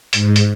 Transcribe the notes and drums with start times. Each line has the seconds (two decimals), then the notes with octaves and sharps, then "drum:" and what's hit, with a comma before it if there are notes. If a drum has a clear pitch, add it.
0.13 G#2, drum: hi-hat
0.36 drum: hi-hat